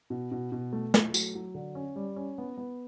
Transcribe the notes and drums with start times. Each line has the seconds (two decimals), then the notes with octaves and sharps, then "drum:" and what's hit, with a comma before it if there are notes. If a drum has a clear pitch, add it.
0.10 B2
0.32 B2
0.52 B2
0.73 A3
0.94 A3, drum: snare
1.14 F#3, drum: tambourine
1.35 F#3
1.55 D3
1.75 C#4
1.96 G3
2.16 C#4
2.38 B3
2.58 B3